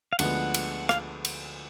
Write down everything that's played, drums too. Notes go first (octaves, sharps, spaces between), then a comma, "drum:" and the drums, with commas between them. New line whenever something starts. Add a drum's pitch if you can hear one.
F5
D2 D3 F3 G#3 B3 F#5, drum: cymbal
drum: cymbal
F5, drum: rim click
drum: cymbal